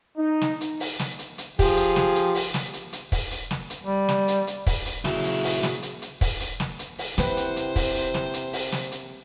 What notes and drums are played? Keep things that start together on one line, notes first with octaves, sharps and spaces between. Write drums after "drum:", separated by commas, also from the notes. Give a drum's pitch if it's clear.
D#4
drum: snare
drum: hi-hat
drum: open hi-hat
drum: snare
drum: hi-hat
drum: hi-hat
F3 G4 G#4, drum: kick, open hi-hat
drum: hi-hat
drum: snare
drum: hi-hat
drum: open hi-hat
drum: snare
drum: hi-hat
drum: hi-hat
drum: kick, open hi-hat
drum: hi-hat
drum: snare
drum: hi-hat
G3
drum: snare
drum: hi-hat
drum: hi-hat
drum: kick, open hi-hat
drum: hi-hat
A#2 C#3 F#3 E4 F#4 G#4, drum: snare
drum: hi-hat
drum: open hi-hat
drum: snare
drum: hi-hat
drum: hi-hat
drum: kick, open hi-hat
drum: hi-hat
drum: snare
drum: hi-hat
drum: open hi-hat
C3 E4 B4 C5 F#5 G5, drum: snare
drum: hi-hat
drum: hi-hat
drum: kick, open hi-hat
drum: hi-hat
drum: snare
drum: hi-hat
drum: open hi-hat
drum: snare
drum: hi-hat